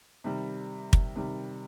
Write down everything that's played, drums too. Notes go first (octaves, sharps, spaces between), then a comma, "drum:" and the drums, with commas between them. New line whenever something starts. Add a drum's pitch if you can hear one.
C3 D#3 G3
drum: kick
C3 D#3 G3